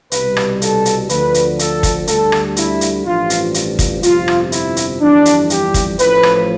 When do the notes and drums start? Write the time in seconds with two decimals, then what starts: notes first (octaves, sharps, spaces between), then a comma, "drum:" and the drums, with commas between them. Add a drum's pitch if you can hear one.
0.12 C2 B2 G3 B4, drum: hi-hat
0.37 drum: rim click
0.62 A4, drum: hi-hat
0.85 drum: hi-hat
1.09 D2 D3 F3 B4, drum: hi-hat
1.34 drum: hi-hat
1.59 A4, drum: hi-hat
1.83 drum: kick, hi-hat
2.07 D2 D3 G3 A4, drum: hi-hat
2.32 drum: rim click
2.56 E4, drum: hi-hat
2.81 drum: hi-hat
3.05 A1 G2 F3 F4
3.30 drum: hi-hat
3.54 drum: hi-hat
3.79 drum: kick, hi-hat
4.03 G1 F2 C3 F3 F4, drum: hi-hat
4.28 drum: rim click
4.52 E4, drum: hi-hat
4.77 drum: hi-hat
5.01 G1 F2 E3 G3 D4
5.25 drum: hi-hat
5.50 G4, drum: hi-hat
5.74 drum: kick, hi-hat
5.99 A1 A2 F3 B4, drum: hi-hat
6.23 drum: rim click